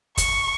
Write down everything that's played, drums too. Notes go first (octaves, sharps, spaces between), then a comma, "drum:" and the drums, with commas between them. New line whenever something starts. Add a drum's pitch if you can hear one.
C#6, drum: kick, hi-hat